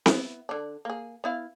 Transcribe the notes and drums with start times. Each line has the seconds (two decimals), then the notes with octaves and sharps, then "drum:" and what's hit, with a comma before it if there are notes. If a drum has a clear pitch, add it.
0.06 B3 E4, drum: snare C4
0.49 D3 D4
0.85 A#3 G#4
1.24 B3 E4 F5